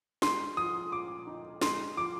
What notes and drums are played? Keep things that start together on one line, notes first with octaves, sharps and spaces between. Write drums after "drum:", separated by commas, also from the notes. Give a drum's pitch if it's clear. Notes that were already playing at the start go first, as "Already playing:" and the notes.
G#3 C6, drum: snare
F3 D#6
A#2 D6
D#4
G#3 C6, drum: snare
F3 D6